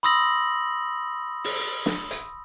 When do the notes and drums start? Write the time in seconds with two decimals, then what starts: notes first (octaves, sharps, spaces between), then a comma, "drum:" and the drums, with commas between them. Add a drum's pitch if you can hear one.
0.03 B5 C6 D#6 E6 A#6 F#7
1.44 drum: open hi-hat
1.86 drum: snare
2.11 drum: hi-hat